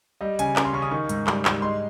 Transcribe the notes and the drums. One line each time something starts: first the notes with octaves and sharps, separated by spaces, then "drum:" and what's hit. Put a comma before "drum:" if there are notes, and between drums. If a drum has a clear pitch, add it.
G3 D#5
C#3 G#5, drum: hi-hat
C#4, drum: clap
C6
C#3 C#6
D#6
D#3 C#6
G#2, drum: hi-hat
G3, drum: clap
G#2, drum: clap
G#3 C6